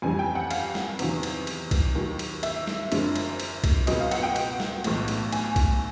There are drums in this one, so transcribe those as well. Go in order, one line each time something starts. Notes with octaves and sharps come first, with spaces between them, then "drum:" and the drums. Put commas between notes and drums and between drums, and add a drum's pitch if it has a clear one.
F2 C#3 E3 G3 G#5
G5
F#5
F5, drum: cymbal
drum: snare
E2 C3 D#3 F#3, drum: cymbal
drum: cymbal
drum: cymbal
drum: kick B1, cymbal
D#2 D#3 F#3
drum: cymbal
E5, drum: cymbal
drum: snare
F#1 F#2 D3 F3 G#3, drum: cymbal
drum: cymbal
drum: cymbal
drum: kick B1, cymbal
C#2 B2 F#3 D#5, drum: cymbal
F5
F#5, drum: cymbal
G5
drum: cymbal
drum: snare
B1 A2 E3 G#3, drum: cymbal
drum: cymbal
G#5, drum: cymbal
drum: kick B1, cymbal